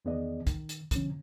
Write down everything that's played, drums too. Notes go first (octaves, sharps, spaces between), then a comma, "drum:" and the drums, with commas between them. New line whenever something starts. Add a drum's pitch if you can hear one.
E2 D#3 B3 G#4 D5 D#5
D#3, drum: kick, hi-hat
drum: hi-hat
B2 D3 F3 C#4, drum: kick, hi-hat